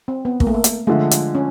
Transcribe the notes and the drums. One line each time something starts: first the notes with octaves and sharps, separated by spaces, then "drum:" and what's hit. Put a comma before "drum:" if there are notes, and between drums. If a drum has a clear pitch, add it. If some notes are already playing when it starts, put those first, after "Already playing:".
C4
B3
A#3, drum: kick
A3
A#3
drum: hi-hat
D3 F3 G#3 A3
drum: hi-hat
C#4